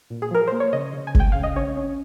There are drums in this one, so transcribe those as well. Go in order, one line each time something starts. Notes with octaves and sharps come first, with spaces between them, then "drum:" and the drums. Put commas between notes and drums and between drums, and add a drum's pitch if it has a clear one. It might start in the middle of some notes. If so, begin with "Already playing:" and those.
A#2
G#4
F3 A#4
A#3 C5
C#5
C#3 D#5
C#3
G#5
G#3, drum: kick G1
G5
C#3 F5
D#5
C#4 C#5
C#4